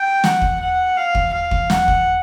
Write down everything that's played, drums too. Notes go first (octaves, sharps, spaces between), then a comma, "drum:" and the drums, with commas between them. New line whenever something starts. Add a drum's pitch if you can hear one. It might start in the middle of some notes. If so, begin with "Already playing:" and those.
Already playing: G5
F#5, drum: snare
drum: kick
F#5
F5
drum: kick
F5
drum: kick
F#5, drum: snare
drum: kick